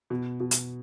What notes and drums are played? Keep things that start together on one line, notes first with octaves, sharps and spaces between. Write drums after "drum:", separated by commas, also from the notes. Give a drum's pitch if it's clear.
B2
B2
drum: hi-hat